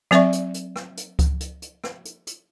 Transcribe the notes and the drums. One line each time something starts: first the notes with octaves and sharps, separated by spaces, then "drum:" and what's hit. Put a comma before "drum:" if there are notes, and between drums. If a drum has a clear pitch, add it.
F#3 C4 D5 E5 C#6, drum: rim click
drum: hi-hat
drum: hi-hat
drum: rim click
drum: hi-hat
drum: kick C#2, hi-hat
drum: hi-hat
drum: hi-hat
drum: rim click
drum: hi-hat
drum: hi-hat